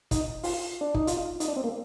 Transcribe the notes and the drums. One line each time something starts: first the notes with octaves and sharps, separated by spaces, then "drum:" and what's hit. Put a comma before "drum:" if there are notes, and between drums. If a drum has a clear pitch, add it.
D#4, drum: kick, hi-hat
F4, drum: open hi-hat
D4
D#4, drum: kick
F4, drum: hi-hat
D#4, drum: hi-hat
D4
C4
A#3